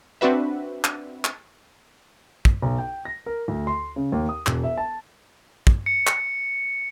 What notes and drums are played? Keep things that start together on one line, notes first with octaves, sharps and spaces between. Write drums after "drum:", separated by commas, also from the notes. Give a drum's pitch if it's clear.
C4 D4 F#4 B4 E5
drum: clap
drum: clap
drum: kick
B1
G5
A#6
A#4
D2
C6
C#3
D#2
D#6
E1, drum: clap
E5
A5
drum: kick
C#7
drum: clap